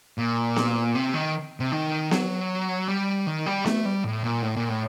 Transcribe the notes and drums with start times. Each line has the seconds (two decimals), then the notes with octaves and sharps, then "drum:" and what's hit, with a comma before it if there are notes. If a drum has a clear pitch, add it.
0.18 A#2
0.56 drum: snare B3
0.95 C3
1.14 D#3
1.60 C3
1.72 D#3
2.11 F#3, drum: snare B3
2.88 G3
3.26 D#3
3.46 G3
3.66 A3, drum: snare B3
3.85 G3
4.04 A2
4.24 A#2
4.42 A2
4.56 A#2
4.69 A2